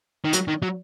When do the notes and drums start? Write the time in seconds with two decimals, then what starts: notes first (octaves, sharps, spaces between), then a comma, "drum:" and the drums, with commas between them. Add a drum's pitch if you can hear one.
0.24 D#3
0.33 F#3, drum: hi-hat
0.48 D#3
0.62 F#3